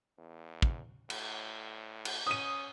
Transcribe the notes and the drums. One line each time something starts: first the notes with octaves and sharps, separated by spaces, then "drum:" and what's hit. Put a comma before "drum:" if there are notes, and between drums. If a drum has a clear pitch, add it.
E2
drum: kick
A2, drum: cymbal
drum: cymbal
C#4 D#6 D#7